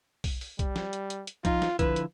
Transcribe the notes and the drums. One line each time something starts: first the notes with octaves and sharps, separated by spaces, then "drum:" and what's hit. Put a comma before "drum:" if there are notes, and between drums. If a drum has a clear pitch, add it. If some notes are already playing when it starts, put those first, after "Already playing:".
drum: kick B1, open hi-hat
drum: open hi-hat
G3, drum: kick B1, hi-hat
drum: snare
drum: hi-hat
drum: hi-hat
drum: hi-hat
F3 D#4 F4, drum: kick B1, hi-hat
drum: snare
D3 F3 E4 B4, drum: kick B1, hi-hat
drum: hi-hat